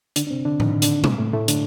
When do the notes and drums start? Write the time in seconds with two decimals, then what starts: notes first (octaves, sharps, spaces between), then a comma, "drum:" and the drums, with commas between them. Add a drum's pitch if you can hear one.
0.16 D3 D4, drum: hi-hat
0.27 D4
0.31 C3 C4
0.45 D3 D4
0.60 D#3 D#4, drum: tom A2
0.82 D3 D4, drum: hi-hat
1.04 A#2 A#3, drum: tom B2
1.18 A2 A3
1.33 A2 A3
1.48 D3 D4, drum: hi-hat